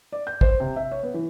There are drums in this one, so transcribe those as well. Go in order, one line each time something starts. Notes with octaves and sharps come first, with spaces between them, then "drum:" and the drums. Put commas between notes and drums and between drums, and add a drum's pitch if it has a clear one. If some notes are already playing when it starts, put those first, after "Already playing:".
D5
G6
C5, drum: kick
C3
E5
C#5
B3
E3